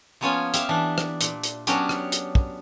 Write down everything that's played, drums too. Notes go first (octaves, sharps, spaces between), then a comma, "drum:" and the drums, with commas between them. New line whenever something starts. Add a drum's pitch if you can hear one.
F3 A#3 B3 C#4 F4 G#5
G4 E5 F5, drum: hi-hat
E3 D4
drum: rim click
A#2, drum: hi-hat
drum: hi-hat
F#3 B3 C#4 D4 G4, drum: hi-hat
drum: rim click
drum: hi-hat
drum: kick